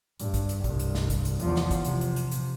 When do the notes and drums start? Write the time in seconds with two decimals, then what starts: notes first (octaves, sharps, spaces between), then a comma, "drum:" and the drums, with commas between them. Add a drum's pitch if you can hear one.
0.19 G2, drum: hi-hat
0.34 drum: kick, hi-hat
0.49 drum: hi-hat
0.64 C2 G2, drum: kick, hi-hat
0.79 drum: hi-hat
0.95 drum: snare
1.10 drum: kick, hi-hat
1.25 drum: hi-hat
1.40 E2 F3, drum: hi-hat
1.55 drum: snare
1.71 drum: kick, hi-hat
1.84 C3 F3, drum: hi-hat
2.01 drum: hi-hat
2.16 drum: hi-hat
2.32 drum: hi-hat